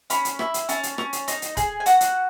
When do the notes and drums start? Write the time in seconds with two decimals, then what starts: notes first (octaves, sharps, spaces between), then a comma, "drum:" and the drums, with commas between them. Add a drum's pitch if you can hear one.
0.10 C#4 B5, drum: hi-hat
0.25 drum: hi-hat
0.39 E4, drum: rim click
0.54 drum: hi-hat
0.69 C#4 A5, drum: hi-hat
0.83 drum: hi-hat
0.98 C#4, drum: rim click
1.13 drum: hi-hat
1.28 D#4, drum: hi-hat
1.42 drum: hi-hat
1.57 G#4, drum: kick, hi-hat
1.80 G#5
1.86 F#4 F#5, drum: hi-hat
2.01 drum: hi-hat